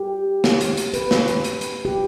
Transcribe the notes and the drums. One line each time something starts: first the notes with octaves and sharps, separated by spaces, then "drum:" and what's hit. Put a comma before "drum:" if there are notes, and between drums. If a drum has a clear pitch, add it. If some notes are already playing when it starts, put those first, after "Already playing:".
Already playing: G4
drum: snare
drum: hi-hat
drum: hi-hat
B4, drum: hi-hat
drum: snare
drum: hi-hat
drum: hi-hat
drum: hi-hat
G4